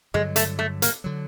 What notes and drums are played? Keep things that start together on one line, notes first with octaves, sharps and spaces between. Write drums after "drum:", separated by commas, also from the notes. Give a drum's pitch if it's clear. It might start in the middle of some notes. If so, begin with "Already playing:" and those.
G2 D3 F#3 G#3
A3, drum: hi-hat
A3
A#3, drum: hi-hat
D3 F#3